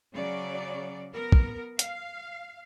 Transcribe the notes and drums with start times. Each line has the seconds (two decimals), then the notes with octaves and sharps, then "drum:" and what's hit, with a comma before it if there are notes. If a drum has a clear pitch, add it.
0.13 C#3 F#3 D5
1.12 B3 A#4
1.32 drum: kick
1.79 F5, drum: hi-hat